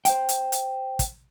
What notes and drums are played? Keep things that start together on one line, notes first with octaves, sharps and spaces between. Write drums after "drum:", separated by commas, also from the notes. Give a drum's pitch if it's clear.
C5 G5, drum: hi-hat
drum: hi-hat
drum: hi-hat
drum: kick, hi-hat